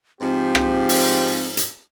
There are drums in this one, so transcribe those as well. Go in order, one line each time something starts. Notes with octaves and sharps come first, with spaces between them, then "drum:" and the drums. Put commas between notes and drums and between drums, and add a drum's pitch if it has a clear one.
G#2 F3 C4 G4
drum: rim click
drum: open hi-hat
drum: hi-hat